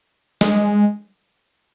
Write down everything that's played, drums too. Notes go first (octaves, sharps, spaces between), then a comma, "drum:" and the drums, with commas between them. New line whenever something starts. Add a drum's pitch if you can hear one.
G#3, drum: snare G3